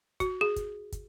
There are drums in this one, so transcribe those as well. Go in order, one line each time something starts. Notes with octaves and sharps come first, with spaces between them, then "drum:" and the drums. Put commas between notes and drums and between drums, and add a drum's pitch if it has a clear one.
F#4, drum: kick, hi-hat
G#4
drum: kick, hi-hat
drum: kick, hi-hat